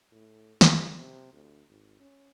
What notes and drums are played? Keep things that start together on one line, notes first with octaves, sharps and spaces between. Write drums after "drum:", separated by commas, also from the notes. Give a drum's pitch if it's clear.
A2
G#3, drum: snare
C3
D2
G#1
C#4